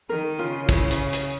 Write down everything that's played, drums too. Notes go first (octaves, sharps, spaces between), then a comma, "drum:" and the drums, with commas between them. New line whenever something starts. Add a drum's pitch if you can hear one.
D#3 A#4
C#3 F4
E4, drum: kick, hi-hat
drum: hi-hat
drum: hi-hat